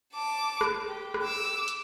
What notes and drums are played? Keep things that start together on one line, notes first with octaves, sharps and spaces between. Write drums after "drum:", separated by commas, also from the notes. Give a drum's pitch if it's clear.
A5 D6
drum: rim click
G4
drum: rim click
D6 E6
drum: hi-hat